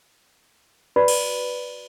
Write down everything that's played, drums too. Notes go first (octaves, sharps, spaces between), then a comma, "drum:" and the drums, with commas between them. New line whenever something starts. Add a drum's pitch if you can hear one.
F#4 B4 D5 B5
drum: cymbal